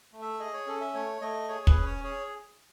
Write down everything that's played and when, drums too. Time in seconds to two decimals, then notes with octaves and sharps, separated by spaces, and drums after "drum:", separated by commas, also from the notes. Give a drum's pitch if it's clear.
0.13 A3
0.22 E5
0.40 G#4 D#5
0.54 C#5
0.67 C#4 A4
0.81 E5
0.94 A3 C#5
1.21 A3 D#5
1.49 G#4 C#5
1.67 B4, drum: kick
1.76 C#4
1.85 C#5
2.04 G#4 C#5